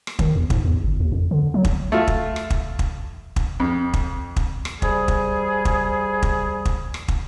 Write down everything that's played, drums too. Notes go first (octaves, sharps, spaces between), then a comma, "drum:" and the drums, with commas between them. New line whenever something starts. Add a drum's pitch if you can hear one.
drum: rim click
D#3, drum: kick
E2
G#2, drum: kick
E2
G1
D#2
F2
D3
F#3
drum: kick
A3 F4
drum: kick
drum: rim click
drum: kick
drum: kick
drum: kick
F2
drum: kick
drum: kick
drum: rim click
C3 G3 G#4, drum: kick
drum: kick
drum: kick
drum: kick
drum: kick
drum: rim click
drum: kick